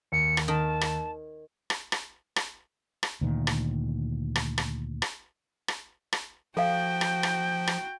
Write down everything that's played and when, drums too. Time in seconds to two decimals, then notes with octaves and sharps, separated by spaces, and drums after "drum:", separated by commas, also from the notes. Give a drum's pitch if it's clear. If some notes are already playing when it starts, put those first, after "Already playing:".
0.12 D#2 C#7
0.37 drum: rim click
0.48 D#3 A5
0.81 drum: rim click
1.70 drum: rim click
1.92 drum: rim click
2.36 drum: rim click
3.03 drum: rim click
3.21 D2 A#2 D#3
3.47 drum: rim click
4.35 drum: rim click
4.58 drum: rim click
5.02 drum: rim click
5.68 drum: rim click
6.13 drum: rim click
6.57 F3 F#4 A4 F5 G5
7.01 drum: rim click
7.23 drum: rim click
7.67 drum: rim click